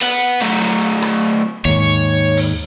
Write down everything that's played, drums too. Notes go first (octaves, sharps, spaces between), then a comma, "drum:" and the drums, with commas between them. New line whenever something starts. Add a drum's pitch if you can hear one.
B3 F#5, drum: open hi-hat
F#3 A3
drum: rim click
D#2 G#2 C#5
drum: open hi-hat